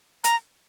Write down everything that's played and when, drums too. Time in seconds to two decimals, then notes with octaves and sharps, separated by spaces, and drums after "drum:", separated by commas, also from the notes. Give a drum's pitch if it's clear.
0.24 A#5, drum: hi-hat